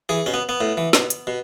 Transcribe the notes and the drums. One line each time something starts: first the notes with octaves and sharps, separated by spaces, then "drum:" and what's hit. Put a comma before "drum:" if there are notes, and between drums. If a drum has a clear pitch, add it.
E3 G#4
B2 C#4
B3
B3
A2
E3
B2, drum: snare
drum: hi-hat
B2